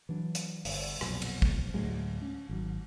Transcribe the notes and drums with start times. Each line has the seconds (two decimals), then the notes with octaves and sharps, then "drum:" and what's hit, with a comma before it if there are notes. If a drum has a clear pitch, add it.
0.09 E3 F#3 D4
0.35 drum: hi-hat
0.65 G1, drum: open hi-hat
1.01 B1 F2 A#2, drum: rim click
1.22 drum: cymbal
1.42 drum: kick
1.74 D2 A2 F#3 G#3
2.22 C#4
2.49 G#1 F#3